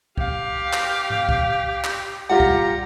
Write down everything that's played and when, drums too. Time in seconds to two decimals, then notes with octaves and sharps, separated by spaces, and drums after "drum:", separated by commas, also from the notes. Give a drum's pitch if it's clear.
0.17 G4 F5, drum: kick
0.73 drum: clap
1.10 drum: tom G#2
1.29 drum: kick
1.84 drum: clap
2.29 G3 F4 G4 F#5 A#5
2.40 drum: kick